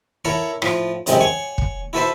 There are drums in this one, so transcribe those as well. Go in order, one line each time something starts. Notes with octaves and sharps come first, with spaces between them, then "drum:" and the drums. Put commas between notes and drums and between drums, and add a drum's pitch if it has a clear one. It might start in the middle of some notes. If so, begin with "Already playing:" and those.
E4 A4 A#4 C#5 F#5
A2 F3, drum: rim click
F#2 A2 C3 G#3 C4, drum: hi-hat
C#5 F#5 G#5 C#6
drum: kick
E4 F#4 A4 B4 C5 E5